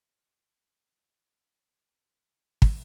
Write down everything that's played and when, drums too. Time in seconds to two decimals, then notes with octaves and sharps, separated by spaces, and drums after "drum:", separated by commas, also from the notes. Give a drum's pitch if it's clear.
0.17 G#5 C6 D6 F6 A#6
2.62 drum: kick